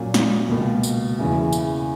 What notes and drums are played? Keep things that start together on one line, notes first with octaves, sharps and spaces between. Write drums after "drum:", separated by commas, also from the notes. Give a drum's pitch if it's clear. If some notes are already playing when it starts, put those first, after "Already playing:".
Already playing: A#2 F#3 C#4
drum: snare
C#2 B2 A#3
drum: tambourine
E2 C#3 E3
drum: tambourine